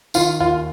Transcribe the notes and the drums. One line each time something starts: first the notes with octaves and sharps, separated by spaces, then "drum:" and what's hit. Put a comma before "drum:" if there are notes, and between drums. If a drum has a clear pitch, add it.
D#3 F4, drum: tambourine
D#2 F4